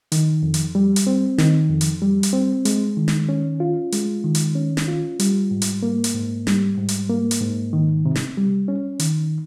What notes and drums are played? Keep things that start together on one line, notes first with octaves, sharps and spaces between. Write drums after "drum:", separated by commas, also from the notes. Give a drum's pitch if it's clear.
D#3, drum: hi-hat
F2
drum: hi-hat
G3
drum: hi-hat
C4
D#3, drum: snare
F2
drum: hi-hat
G3
drum: hi-hat
C4
G#3, drum: hi-hat
D#3
drum: snare
C#4
F4
G#3, drum: hi-hat
D#3
drum: hi-hat
C#4
drum: snare
F4
G3, drum: hi-hat
G#2
drum: hi-hat
A#3
drum: hi-hat
G#2
G3, drum: snare
G#2
drum: hi-hat
A#3
drum: hi-hat
G#2
D#3
C3
drum: snare
G3
C#4
D#3, drum: hi-hat